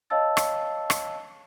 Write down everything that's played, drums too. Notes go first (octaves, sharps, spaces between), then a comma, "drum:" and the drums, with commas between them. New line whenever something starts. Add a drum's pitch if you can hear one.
C#5 D#5 F5 A5 E6 A6
drum: rim click
drum: rim click